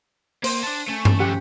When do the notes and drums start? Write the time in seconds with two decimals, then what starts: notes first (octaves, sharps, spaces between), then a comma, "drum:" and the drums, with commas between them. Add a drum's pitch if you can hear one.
0.44 A#3 C5, drum: open hi-hat
0.64 D4 A5
0.89 A3 C#4
1.05 drum: tom G2
1.20 C#3 F3 A3 G4 F#5